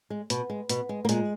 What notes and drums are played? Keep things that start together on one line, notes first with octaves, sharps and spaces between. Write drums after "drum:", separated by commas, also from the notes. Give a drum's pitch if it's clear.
G#3
B2, drum: hi-hat
G#3
B2, drum: hi-hat
G#3
A#3
A#2 G#3, drum: hi-hat